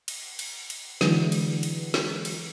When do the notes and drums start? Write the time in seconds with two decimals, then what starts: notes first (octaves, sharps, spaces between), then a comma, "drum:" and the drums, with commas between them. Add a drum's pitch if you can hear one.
0.08 drum: cymbal
0.39 drum: cymbal
0.70 drum: cymbal
1.01 D3 E3 F#3 G#3 B4, drum: snare
1.32 drum: cymbal
1.63 drum: cymbal
1.94 drum: snare
2.25 drum: cymbal